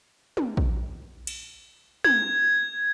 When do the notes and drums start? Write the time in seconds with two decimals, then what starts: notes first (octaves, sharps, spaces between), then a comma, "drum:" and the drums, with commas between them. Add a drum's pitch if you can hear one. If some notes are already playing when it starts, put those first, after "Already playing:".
0.37 drum: tom
0.57 drum: kick A#1
1.27 drum: cymbal
2.04 G#6, drum: tom